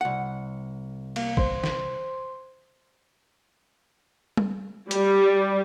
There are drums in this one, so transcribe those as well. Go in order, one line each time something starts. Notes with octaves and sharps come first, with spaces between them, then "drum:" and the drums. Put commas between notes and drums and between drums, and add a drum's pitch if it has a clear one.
C2 F#5
A#3 F5 C#7, drum: cymbal
C5 C6, drum: kick
drum: snare
drum: tom G3
G3, drum: hi-hat